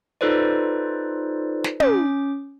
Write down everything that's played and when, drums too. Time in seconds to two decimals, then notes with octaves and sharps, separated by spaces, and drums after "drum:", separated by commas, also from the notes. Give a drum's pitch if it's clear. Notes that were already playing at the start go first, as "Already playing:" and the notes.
0.21 D#4 F4 A4 B4 C5 D5
1.64 drum: snare
1.80 C#4 D6, drum: tom